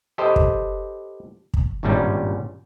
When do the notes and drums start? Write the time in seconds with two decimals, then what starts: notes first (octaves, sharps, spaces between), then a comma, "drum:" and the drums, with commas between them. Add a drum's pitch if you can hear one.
0.18 G4 A4 B4 C5 D#5
0.36 drum: kick
1.54 drum: kick
1.83 G#1 G2 A#2 G3 C#4 B4